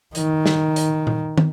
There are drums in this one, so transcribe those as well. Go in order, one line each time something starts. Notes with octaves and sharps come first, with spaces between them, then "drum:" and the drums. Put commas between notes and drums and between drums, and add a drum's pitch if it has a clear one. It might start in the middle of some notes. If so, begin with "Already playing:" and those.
D#3, drum: hi-hat
drum: snare
drum: hi-hat
drum: tom A#2
drum: tom